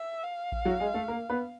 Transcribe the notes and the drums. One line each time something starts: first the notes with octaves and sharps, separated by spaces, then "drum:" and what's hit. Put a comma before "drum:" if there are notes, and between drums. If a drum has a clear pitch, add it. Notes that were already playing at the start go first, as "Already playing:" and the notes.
Already playing: E5
F5
drum: kick A1
F#3 F#4
G#3 G#4
A3 A4
A#3 A#4
B3 B4